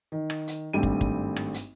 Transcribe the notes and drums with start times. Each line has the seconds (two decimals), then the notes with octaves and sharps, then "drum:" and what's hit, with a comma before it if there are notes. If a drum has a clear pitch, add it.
0.12 D#3
0.30 drum: rim click
0.48 drum: hi-hat
0.73 G#1 G2 G3 A3 G5 D#7
0.83 drum: kick
1.01 drum: kick
1.36 drum: rim click
1.54 drum: hi-hat